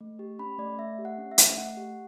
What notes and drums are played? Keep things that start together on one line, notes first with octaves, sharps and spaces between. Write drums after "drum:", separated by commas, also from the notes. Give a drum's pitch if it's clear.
A3
G4
C#4 B5
A3 D5
A3 E5
G4
F#5
C#4
E5
A3, drum: hi-hat
A3 F#5
G4